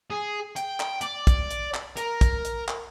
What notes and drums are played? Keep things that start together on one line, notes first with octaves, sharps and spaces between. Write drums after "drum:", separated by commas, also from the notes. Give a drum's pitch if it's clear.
G#4
G5, drum: hi-hat
drum: clap
D5, drum: hi-hat
drum: kick, hi-hat
drum: hi-hat
drum: clap
A#4, drum: hi-hat
drum: kick, hi-hat
drum: hi-hat
drum: clap